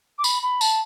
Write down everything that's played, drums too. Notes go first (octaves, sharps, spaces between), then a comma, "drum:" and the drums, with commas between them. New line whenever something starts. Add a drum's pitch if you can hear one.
D6
B5, drum: tambourine
B5
A5, drum: tambourine